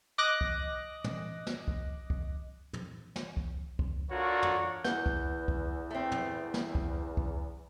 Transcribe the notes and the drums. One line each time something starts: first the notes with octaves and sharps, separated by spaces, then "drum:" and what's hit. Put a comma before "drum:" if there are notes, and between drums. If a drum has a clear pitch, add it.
D#5 D6 F#6 A#6
drum: kick
drum: tom
drum: snare
drum: kick
drum: kick
drum: tom
drum: snare
drum: kick
drum: kick
D4 F4 F#4 A4 A#4 C#5
drum: tom
E2 B4 F#5 G6, drum: snare
drum: kick
drum: kick
A3 C4
drum: tom
drum: snare
drum: kick
drum: kick